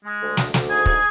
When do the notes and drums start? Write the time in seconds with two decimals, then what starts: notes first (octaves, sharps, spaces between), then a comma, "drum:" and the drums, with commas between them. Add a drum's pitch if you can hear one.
0.05 G#3
0.21 D2
0.37 D2, drum: snare
0.54 D2, drum: snare
0.69 G#2 G#4 G#5
0.86 G#2, drum: kick